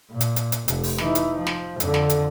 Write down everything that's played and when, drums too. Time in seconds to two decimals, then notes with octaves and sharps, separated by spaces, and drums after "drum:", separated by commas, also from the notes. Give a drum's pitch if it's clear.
0.11 A#2
0.21 drum: hi-hat
0.36 drum: hi-hat
0.52 drum: hi-hat
0.68 F1, drum: hi-hat
0.84 drum: open hi-hat
0.98 E3 D#4, drum: snare
1.15 drum: hi-hat
1.37 F3
1.47 drum: snare
1.80 F2 D3, drum: hi-hat
1.94 drum: snare
2.10 drum: hi-hat